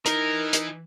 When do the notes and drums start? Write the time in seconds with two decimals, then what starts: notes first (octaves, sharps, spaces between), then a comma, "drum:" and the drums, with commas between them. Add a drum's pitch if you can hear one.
0.06 E3 D#4 A#4, drum: hi-hat
0.53 drum: hi-hat